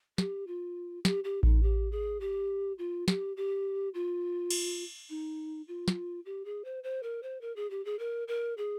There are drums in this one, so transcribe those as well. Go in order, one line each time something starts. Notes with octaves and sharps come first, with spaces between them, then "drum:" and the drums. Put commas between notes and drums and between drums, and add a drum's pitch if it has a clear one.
G4, drum: snare
F4
G4, drum: snare
G4
D#4, drum: kick A1
G4
G#4
G4
F4
G4, drum: snare
G4
F4
drum: cymbal
D#4
F4
drum: snare
G4
G#4
C5
C5
A#4
C5
A#4
G#4
G4
G#4
A#4
A#4
G#4